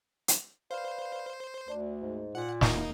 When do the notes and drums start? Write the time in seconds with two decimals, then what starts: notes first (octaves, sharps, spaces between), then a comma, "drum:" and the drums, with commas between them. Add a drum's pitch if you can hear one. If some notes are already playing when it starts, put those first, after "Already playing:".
0.28 drum: hi-hat
0.71 B4 C5 D5 F5
1.68 D2 D4
2.01 G#2
2.35 A#2 F#5
2.61 D#2 A#3 D#4 E4 F5 F#5, drum: snare